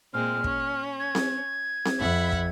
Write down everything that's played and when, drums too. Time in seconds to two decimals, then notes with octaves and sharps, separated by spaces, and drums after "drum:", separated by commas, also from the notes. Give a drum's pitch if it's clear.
0.14 A#2 G#3 C4 F6
0.44 C#4, drum: kick
1.00 G#6
1.15 drum: snare C4
1.85 drum: snare C4
1.99 F2 E5 F#5 B5
2.32 drum: kick